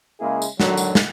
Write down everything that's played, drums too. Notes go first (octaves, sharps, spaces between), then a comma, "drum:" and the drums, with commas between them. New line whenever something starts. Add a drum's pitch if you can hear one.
C#3 G#3 A#3 E4 G#4
drum: tambourine
D3 D#3 F#3, drum: snare
drum: tambourine
drum: snare